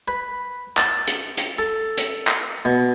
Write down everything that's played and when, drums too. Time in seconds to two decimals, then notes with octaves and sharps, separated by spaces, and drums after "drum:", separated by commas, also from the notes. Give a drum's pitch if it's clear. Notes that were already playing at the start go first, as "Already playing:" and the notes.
0.08 B4
0.77 A5, drum: clap
1.07 drum: hi-hat
1.37 drum: hi-hat
1.58 A4
1.97 drum: hi-hat
2.27 drum: clap
2.65 B2